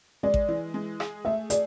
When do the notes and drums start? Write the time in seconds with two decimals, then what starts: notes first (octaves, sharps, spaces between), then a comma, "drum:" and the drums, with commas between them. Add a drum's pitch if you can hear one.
0.23 G#3 D5
0.34 drum: kick A1
0.48 E3
0.74 G#3
1.00 G#4, drum: rim click
1.25 A3 E5
1.50 G#4 D5, drum: hi-hat